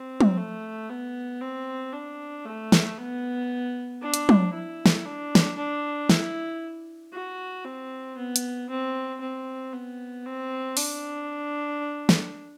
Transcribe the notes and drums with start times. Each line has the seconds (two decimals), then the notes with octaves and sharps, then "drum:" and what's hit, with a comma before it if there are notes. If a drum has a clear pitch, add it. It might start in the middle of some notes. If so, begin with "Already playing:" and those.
Already playing: C4
0.21 drum: tom
0.37 A3
0.90 B3
1.41 C4
1.93 D4
2.45 A3
2.72 drum: snare
2.97 B3
4.01 D4
4.14 drum: hi-hat
4.29 drum: tom
4.53 E4
4.86 drum: snare
5.05 D4
5.35 drum: snare
5.57 D4
6.10 E4, drum: snare
7.13 F#4
7.64 C4
8.17 B3
8.36 drum: hi-hat
8.70 C4
9.20 C4
9.73 B3
10.26 C4
10.77 D4, drum: open hi-hat
12.09 drum: snare